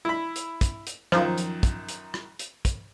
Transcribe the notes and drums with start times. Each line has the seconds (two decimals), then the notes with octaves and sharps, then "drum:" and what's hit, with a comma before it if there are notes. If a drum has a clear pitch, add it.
0.05 E4 B5
0.36 drum: hi-hat
0.61 drum: kick, hi-hat
0.87 drum: hi-hat
1.12 F#2 D#3 F3, drum: rim click
1.38 drum: hi-hat
1.63 drum: kick, hi-hat
1.89 drum: hi-hat
2.14 drum: rim click
2.39 drum: hi-hat
2.65 drum: kick, hi-hat